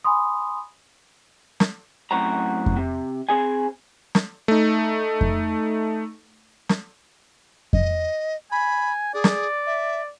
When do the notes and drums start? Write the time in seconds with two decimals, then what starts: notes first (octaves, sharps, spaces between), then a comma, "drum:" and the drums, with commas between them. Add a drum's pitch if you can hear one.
0.05 G#5 B5 C6 D#6
1.60 drum: snare
2.11 F#2 A2 C4 F#4 A#5
2.66 drum: kick F2
2.77 C3
3.29 C4 G#4 G#5
4.15 drum: snare
4.48 A3 D#4
5.21 drum: kick F2
6.69 drum: snare
7.73 D#5, drum: kick F2
8.52 G#5 B5
9.14 G#4 D5
9.24 drum: snare
9.66 E5